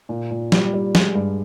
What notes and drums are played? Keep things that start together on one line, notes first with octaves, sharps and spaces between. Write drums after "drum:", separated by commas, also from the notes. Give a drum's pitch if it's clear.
A#2
A#2
G3, drum: snare
G3
G#3, drum: snare
G2